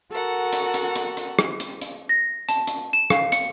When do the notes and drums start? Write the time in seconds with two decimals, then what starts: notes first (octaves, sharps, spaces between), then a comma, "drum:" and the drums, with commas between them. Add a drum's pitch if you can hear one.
0.11 F#4 A4 A#4 F#5
0.53 drum: hi-hat
0.74 drum: hi-hat
0.96 drum: hi-hat
1.17 drum: hi-hat
1.39 drum: rim click
1.60 drum: hi-hat
1.82 drum: hi-hat
2.09 A#6
2.49 A5, drum: hi-hat
2.67 drum: hi-hat
2.93 E7
3.10 F5, drum: rim click
3.32 C#7, drum: hi-hat